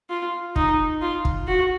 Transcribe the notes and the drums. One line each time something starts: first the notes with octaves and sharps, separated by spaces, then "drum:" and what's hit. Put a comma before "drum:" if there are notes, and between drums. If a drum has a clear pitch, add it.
F4
D#4, drum: kick
F4
drum: kick
F#4